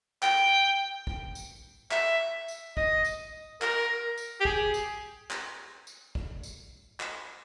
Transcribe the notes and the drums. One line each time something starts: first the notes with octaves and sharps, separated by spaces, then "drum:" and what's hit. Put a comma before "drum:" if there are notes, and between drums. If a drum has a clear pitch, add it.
G5, drum: clap
drum: kick
drum: tambourine
E5, drum: clap
drum: tambourine
D#5, drum: kick
drum: tambourine
A#4, drum: clap
drum: tambourine
G4
G#4, drum: kick
drum: tambourine
drum: clap
drum: tambourine
drum: kick
drum: tambourine
drum: clap